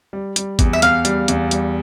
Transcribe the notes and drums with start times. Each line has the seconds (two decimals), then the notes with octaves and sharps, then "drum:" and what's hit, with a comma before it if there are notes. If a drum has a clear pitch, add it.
0.13 G3
0.36 G3, drum: hi-hat
0.59 E2, drum: kick G#1, hi-hat
0.73 E5
0.82 E2 F5, drum: hi-hat
1.05 G3, drum: hi-hat
1.28 E2, drum: hi-hat
1.51 G3, drum: hi-hat